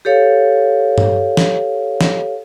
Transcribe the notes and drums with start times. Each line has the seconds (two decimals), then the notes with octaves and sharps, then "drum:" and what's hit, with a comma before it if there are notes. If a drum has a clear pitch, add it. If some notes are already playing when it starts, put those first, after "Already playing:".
0.05 G4 A4 C#5 F5
0.98 drum: tom G2
1.37 drum: snare
2.01 drum: snare